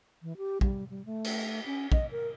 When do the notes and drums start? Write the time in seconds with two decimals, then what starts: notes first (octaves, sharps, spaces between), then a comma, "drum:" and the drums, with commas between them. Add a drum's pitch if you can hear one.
0.22 E3
0.37 G4
0.61 G3, drum: kick
0.90 G3
1.05 A3
1.24 drum: cymbal
1.66 C#4
1.92 D#5, drum: kick
2.11 A#4